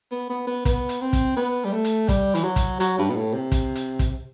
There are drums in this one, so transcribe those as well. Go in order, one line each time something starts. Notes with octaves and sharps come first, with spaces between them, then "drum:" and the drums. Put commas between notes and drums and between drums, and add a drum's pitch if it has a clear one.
B3
B3
B3
B3, drum: kick, hi-hat
drum: hi-hat
C4
drum: kick, hi-hat
B3
G3
A3
drum: hi-hat
G3, drum: kick, hi-hat
E3, drum: hi-hat
F#3
drum: kick, hi-hat
F#3, drum: hi-hat
G2
B2
A2
C3
drum: kick, hi-hat
drum: hi-hat
drum: kick, hi-hat